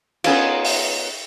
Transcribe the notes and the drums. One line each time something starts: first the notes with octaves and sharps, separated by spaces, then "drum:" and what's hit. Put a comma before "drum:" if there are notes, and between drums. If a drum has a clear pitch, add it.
B3 C#4 D#4 F4, drum: cymbal
drum: open hi-hat